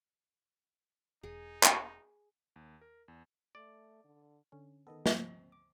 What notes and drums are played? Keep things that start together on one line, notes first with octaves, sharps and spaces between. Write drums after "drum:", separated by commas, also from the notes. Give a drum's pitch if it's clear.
E1 D#4 G#4
drum: clap
D#2
A#4
E2
A3 D5
D3
D3 C#4
D#3 B3 A4 D#5
D2 C4, drum: snare
D6